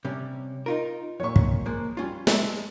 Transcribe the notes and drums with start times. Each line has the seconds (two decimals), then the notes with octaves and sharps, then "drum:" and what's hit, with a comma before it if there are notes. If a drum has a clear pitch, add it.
0.05 C3 G3 C#4
0.66 D#4 F4 A#4
1.20 F2 A#2 C#5 C#6
1.36 drum: kick
1.66 F3 G#3 A#3
1.97 G3 C#4 F4
2.27 G#3 A5, drum: snare